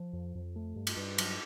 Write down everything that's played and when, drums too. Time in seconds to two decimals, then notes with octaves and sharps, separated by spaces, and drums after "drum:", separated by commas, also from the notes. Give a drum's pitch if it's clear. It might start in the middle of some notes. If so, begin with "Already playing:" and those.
Already playing: F3
0.13 F2
0.35 F2
0.56 A3
0.76 G2
0.87 drum: cymbal
0.97 G2
1.18 F#3, drum: cymbal